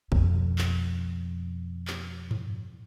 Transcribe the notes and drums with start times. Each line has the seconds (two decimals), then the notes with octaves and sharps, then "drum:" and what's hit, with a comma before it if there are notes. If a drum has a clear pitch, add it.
0.12 F2 B2, drum: kick
0.58 drum: clap
1.88 drum: clap
2.31 drum: tom G2